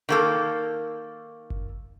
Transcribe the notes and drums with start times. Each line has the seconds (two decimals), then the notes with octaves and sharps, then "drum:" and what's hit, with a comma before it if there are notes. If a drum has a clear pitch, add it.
0.09 D#3 A#3 A4
1.50 drum: kick F#1